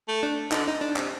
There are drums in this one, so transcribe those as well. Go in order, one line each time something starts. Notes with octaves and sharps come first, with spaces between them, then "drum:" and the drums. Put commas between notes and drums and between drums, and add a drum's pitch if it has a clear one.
A3
D4
D3 D#4, drum: clap
D#4
D4
C3, drum: clap